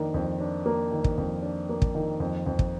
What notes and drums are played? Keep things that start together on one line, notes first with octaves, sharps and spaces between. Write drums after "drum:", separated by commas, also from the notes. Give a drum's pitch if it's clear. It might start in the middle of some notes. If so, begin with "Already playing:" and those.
Already playing: F2 D#3 A#3 D4
F2
D4
A#3
D#3
drum: kick
F2
D4
A#3
drum: kick
D#3
F2
F2
drum: kick